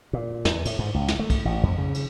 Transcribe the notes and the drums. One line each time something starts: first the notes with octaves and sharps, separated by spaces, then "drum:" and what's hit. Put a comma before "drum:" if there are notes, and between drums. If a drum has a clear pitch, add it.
A#2
E2, drum: snare
A2, drum: cymbal
G#2
C#2
drum: snare
A3
drum: kick, cymbal
A1
F2
C#3
drum: cymbal